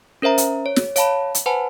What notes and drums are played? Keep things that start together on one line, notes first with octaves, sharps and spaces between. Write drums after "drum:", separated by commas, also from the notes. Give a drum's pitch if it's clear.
C#4 A#4 C5 E5 A#5
drum: hi-hat
C#5
drum: snare
C#5 F5 A5 B5, drum: hi-hat
drum: hi-hat
B4 C5 F#5 G#5 A5 B5